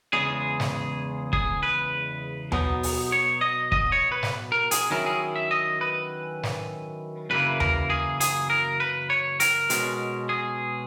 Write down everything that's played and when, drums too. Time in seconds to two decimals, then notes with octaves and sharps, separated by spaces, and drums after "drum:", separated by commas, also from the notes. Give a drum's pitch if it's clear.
0.13 E2 C#3 G#3 G#4
0.60 drum: snare
1.33 G#4, drum: kick
1.63 B4
2.52 B2 F#3 B3 D#4, drum: tom D#2
2.83 drum: open hi-hat
3.12 C#5
3.41 D#5
3.72 D#5, drum: kick
3.92 C#5
4.12 B4
4.23 drum: snare
4.52 A#4
4.71 G#4, drum: hi-hat
4.91 D#3 F#3 C#4 E4 A#4
5.06 G#4
5.36 E5
5.51 D#5
5.81 B4
6.43 drum: snare
7.30 F#2 C#3 E3 A#3 E4 B4
7.60 A#4, drum: tom D#2
7.90 G#4
8.20 G#4, drum: hi-hat
8.50 A#4
8.80 B4
9.10 C#5
9.40 A#4, drum: hi-hat
9.70 B2 G#3 C#4, drum: hi-hat
10.29 G#4